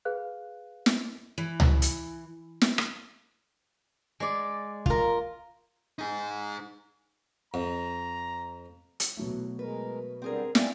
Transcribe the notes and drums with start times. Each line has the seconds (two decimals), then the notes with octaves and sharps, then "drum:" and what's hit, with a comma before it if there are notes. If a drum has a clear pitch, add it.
0.05 G#4 B4 F5 F#6
0.86 drum: snare
1.38 E3
1.60 drum: tom C#2
1.82 drum: hi-hat
2.61 drum: snare
2.78 drum: rim click
4.20 G#3 D5
4.86 F4 A#4, drum: kick
5.99 D#4 G#4
7.54 F2 A#5
9.00 drum: hi-hat
9.17 B2 E3 F#3 A3
9.59 G#3 A#4 B4
10.22 D3 G3 C4 G#4 A#4
10.55 D5 E5 F5 G5 G#5, drum: snare